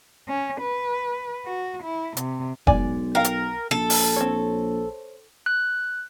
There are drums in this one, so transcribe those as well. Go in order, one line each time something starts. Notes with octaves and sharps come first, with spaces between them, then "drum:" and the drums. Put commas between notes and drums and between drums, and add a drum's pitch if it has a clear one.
C#4
B4
F#4
E4
C3, drum: hi-hat
B1 G#3 D5 G#5, drum: kick F1
A#4 F5 G5
drum: hi-hat
A#1 A4
drum: open hi-hat
C4 C#5
F#6